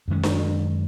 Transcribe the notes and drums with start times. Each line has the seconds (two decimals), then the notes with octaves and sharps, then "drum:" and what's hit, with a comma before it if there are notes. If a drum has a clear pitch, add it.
0.08 F#2 D#3 G#3 C#4
0.23 drum: snare D4